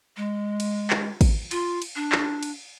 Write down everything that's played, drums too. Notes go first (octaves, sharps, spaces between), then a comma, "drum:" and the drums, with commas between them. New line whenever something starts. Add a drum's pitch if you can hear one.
G#3
drum: cymbal
drum: clap
drum: kick, cymbal
F4, drum: cymbal
drum: cymbal
D4
drum: clap
drum: cymbal